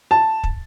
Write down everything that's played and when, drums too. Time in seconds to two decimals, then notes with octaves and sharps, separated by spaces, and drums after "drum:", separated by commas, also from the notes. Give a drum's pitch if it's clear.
0.11 A5
0.44 drum: kick